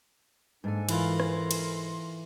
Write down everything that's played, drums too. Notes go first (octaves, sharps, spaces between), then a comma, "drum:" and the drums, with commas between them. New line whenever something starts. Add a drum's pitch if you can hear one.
G#2 A#3 D4 A4 G#5
E3 E4 F4 A4 A#4 C6, drum: cymbal
drum: rim click
drum: cymbal